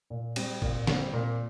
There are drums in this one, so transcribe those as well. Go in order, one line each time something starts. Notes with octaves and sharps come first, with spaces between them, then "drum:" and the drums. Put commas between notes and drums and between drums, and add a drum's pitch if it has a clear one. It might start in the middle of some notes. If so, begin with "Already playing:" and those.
A#2
G3 C4, drum: cymbal
A#2, drum: kick
G3 C4, drum: snare
A#2